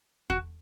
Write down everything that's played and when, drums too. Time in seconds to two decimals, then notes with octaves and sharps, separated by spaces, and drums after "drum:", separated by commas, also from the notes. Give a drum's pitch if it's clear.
0.30 F#4, drum: kick E2